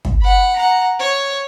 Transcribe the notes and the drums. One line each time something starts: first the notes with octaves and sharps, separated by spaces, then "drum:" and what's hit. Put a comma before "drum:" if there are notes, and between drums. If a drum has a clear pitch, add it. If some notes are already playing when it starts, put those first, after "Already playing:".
drum: kick
F#5 B5
F#5 A#5
C#5